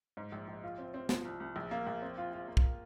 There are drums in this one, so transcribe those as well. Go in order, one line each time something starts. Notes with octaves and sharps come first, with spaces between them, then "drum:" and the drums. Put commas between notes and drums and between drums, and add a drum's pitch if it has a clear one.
G#2
A#1
A#1
F4
C4
C4
F3, drum: snare
C2
C2
A#1
A#3
A#1
C4
F4
F4
A#3
drum: kick